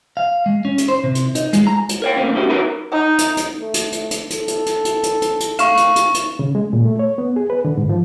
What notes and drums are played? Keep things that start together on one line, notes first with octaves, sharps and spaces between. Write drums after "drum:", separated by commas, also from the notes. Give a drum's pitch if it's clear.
F5
G#3
C#4
drum: hi-hat
C5
C3
drum: hi-hat
D#4, drum: hi-hat
G#3, drum: hi-hat
A#5
drum: hi-hat
A#4 C#5 G5
C#3 A3 A#3 C4 C#4
B3 C#4 D4 E4 F#4 G4
D#4 E4 F#4 A#4 B4 C#5
D#4
drum: hi-hat
drum: hi-hat
A3
drum: hi-hat
drum: hi-hat
drum: hi-hat
A4, drum: hi-hat
drum: hi-hat
drum: hi-hat
drum: hi-hat
drum: hi-hat
drum: hi-hat
drum: hi-hat
A3 F5 C#6 E7, drum: hi-hat
drum: hi-hat
drum: hi-hat
drum: hi-hat
C#3
G#3
A#2
A3
C#5
B3
G#4
B4
D3
G#2
F3